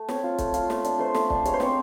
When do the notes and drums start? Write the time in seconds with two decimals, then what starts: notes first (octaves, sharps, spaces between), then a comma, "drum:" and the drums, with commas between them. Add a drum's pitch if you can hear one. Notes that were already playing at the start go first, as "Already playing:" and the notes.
Already playing: A3
0.09 C4 C#5, drum: snare
0.23 F4
0.38 A3, drum: kick, hi-hat
0.54 F4, drum: hi-hat
0.70 A3, drum: snare
0.84 D4, drum: hi-hat
0.99 A3 C5
1.15 A3, drum: snare
1.30 D4, drum: kick
1.45 G#3 C#5, drum: hi-hat
1.54 C5
1.60 C4 C#5, drum: snare